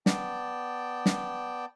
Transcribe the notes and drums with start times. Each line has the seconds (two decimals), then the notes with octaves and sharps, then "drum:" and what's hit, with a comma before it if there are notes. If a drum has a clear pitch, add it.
0.06 B3 D5 G5 A5, drum: snare
1.06 drum: snare